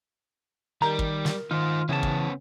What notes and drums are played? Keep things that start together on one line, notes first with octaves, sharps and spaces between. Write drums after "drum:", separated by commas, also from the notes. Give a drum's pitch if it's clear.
D#3 G3 G4 A#4 A#5
drum: kick
drum: snare
D#3 D#4 F4 C5
C#3 E3 B3 C#4 G#4 A5
drum: kick